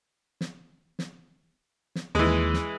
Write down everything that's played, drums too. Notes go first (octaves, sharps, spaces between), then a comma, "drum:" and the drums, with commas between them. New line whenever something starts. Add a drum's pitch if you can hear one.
drum: snare
drum: snare
drum: snare
D#2 E3 G#3
drum: snare